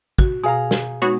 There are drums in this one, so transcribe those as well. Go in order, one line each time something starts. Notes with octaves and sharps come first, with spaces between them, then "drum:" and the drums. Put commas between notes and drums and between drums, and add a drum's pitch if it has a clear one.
F#4, drum: kick
B2 G#4 F5 A#5
drum: snare
G#3 B3 D#4 F#4 C#5